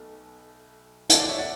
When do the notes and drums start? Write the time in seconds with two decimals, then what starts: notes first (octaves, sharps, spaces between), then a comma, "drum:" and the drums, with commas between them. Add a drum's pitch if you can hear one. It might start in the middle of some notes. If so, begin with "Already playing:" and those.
Already playing: B1 B2 A3
1.09 B1 B2 A3 F#5 A5, drum: hi-hat
1.19 D5
1.29 C#5 E5
1.38 D5 F#5